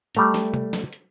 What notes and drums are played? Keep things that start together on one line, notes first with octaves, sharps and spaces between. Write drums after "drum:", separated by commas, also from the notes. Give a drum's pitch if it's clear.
G3 A3 A#5, drum: hi-hat
drum: snare
drum: tom C3
drum: snare
drum: hi-hat